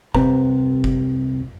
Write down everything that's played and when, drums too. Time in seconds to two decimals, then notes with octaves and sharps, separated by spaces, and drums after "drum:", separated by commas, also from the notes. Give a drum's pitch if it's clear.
0.15 C2 C3 F3 C4 B4 A#5, drum: kick F#1
0.84 drum: kick F#1